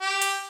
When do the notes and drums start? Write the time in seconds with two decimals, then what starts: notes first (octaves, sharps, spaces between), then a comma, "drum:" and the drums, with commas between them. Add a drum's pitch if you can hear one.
0.01 G4
0.22 drum: hi-hat